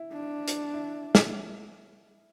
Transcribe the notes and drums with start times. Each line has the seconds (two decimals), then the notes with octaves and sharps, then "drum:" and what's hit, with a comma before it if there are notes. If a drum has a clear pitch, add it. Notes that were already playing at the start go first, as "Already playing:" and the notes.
Already playing: E4
0.12 D4
0.48 drum: hi-hat
0.74 E4
1.15 drum: snare